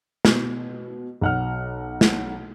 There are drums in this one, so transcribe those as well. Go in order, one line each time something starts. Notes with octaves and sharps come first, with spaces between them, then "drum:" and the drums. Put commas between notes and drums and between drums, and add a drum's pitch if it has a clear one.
B2, drum: snare
B1 F#5 F6
drum: snare